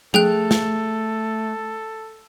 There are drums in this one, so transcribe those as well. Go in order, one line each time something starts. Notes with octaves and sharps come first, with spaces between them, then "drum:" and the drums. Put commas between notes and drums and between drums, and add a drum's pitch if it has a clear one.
A3 G#4 A4 G5 F#6, drum: tom F3
drum: snare